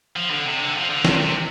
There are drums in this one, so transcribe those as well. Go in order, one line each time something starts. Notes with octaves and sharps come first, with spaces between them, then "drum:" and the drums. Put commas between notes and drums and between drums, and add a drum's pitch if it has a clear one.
F3
D3
C3
D3
F3
D3
C3, drum: snare
C3